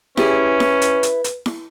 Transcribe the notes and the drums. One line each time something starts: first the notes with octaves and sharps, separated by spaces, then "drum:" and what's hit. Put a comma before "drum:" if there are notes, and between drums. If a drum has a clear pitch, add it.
C#4 E4 G4 G#4 B4, drum: snare E4
drum: snare E4
drum: hi-hat
drum: hi-hat
drum: hi-hat
drum: snare E4